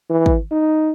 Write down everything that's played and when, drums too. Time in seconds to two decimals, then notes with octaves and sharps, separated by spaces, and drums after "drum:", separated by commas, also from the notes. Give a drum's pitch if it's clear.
0.10 E3
0.26 drum: kick
0.52 D#4